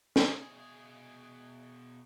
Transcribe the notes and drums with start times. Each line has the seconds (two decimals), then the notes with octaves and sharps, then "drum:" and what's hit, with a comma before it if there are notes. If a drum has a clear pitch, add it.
0.16 B2 G#4, drum: snare